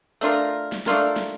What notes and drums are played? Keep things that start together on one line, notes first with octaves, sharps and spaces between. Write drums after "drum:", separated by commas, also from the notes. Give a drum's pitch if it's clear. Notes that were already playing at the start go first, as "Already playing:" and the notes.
A3 D4 F4 A#4
drum: snare
A3 D4 F4 A#4, drum: snare
drum: snare